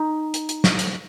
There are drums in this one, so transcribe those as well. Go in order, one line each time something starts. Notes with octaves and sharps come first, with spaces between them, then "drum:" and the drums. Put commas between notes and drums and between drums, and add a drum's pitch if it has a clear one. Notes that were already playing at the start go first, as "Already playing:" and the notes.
Already playing: D#4
drum: hi-hat
drum: hi-hat
drum: snare
drum: hi-hat